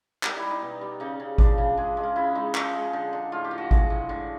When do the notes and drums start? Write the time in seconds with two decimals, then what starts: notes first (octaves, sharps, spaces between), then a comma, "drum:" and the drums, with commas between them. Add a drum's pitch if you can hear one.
0.23 G3 D#4, drum: clap
0.37 E4
0.42 G3
0.51 D#4
0.62 B2
0.81 G3
1.00 C#3 D#4
1.20 C#3
1.38 F3 D4, drum: kick G#1
1.58 C#3
1.77 G#3 G#4
1.97 G#3
2.03 F4
2.16 C#3 E4
2.35 G#3 D#4
2.55 F3 D#4, drum: clap
2.74 G#3
2.93 D3
3.13 D3
3.32 A2 F4
3.44 G4
3.51 F3
3.58 F#4
3.71 G#3, drum: kick G#1
3.90 A2
4.09 D3